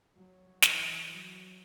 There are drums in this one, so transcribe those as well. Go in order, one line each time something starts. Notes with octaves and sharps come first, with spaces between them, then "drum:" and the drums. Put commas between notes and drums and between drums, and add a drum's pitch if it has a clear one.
F#3
E3, drum: snare
F#3